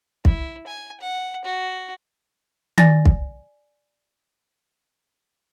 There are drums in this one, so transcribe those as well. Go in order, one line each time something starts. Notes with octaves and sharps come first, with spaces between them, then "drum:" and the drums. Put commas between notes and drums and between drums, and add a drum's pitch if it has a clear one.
E4, drum: kick
G#5
F#5
F#4
D5 G#5 A6 A#6, drum: tom D#3
drum: kick